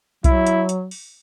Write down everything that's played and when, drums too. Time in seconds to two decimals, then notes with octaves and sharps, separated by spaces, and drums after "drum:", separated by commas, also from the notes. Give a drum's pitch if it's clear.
0.24 F#3 E4, drum: kick B1, hi-hat
0.47 drum: hi-hat
0.69 drum: hi-hat
0.91 drum: open hi-hat